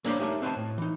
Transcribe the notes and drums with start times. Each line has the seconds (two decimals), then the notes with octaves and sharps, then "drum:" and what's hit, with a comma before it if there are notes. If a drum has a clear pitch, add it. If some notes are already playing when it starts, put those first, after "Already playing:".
0.04 G3 A#3 D4 A4 C5 C#5, drum: hi-hat
0.20 A3 D#4 G4 A#4 E5 A5
0.42 C4 B4 C5 D#5 A5
0.56 A2
0.78 E3 D#4